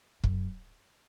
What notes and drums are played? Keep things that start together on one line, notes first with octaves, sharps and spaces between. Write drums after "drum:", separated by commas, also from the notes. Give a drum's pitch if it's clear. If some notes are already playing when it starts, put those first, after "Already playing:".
F#2, drum: kick